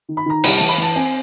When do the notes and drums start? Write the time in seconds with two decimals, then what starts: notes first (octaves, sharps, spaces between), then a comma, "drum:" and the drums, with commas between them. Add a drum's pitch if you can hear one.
0.09 D#3
0.17 B5
0.26 D#3 A#5
0.44 C2 B5, drum: cymbal
0.57 E3 A5
0.69 B5
0.78 E3 A5
0.96 C4 G#5